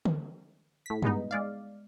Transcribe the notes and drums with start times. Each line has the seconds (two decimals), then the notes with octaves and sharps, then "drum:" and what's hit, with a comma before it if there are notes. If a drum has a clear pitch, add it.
0.05 drum: tom D3
0.86 A2 B6
1.02 G2 G#3 B3 D#4, drum: tom G2
1.31 G#3 D5 F5